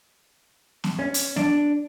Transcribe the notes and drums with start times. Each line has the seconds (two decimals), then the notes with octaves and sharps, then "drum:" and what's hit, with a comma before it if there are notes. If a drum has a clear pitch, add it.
0.84 drum: snare B3
0.99 C#4
1.14 drum: hi-hat
1.36 D4, drum: snare B3